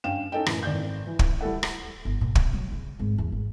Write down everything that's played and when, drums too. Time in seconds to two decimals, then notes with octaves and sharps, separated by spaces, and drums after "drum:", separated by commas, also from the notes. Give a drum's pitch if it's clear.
0.04 G2 C#4 F5 G5 E7
0.32 C#4 D#4 A4 D#5 G5
0.46 F#2 A2 E3, drum: rim click
0.63 G#1 D5 G6
1.07 E3
1.19 drum: kick
1.41 G3 E4 A4 F#5
1.63 drum: rim click
2.05 G1
2.21 A#2
2.35 C3, drum: kick
2.53 F#3
2.72 C#3
2.99 G#1
3.18 E2
3.32 G#1